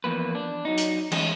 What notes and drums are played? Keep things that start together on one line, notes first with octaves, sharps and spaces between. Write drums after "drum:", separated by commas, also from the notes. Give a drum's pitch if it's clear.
E2 F3 A#3 B4
D4
F#3 D#4
drum: hi-hat
E3 G#3 A3 C#4 D#5, drum: cymbal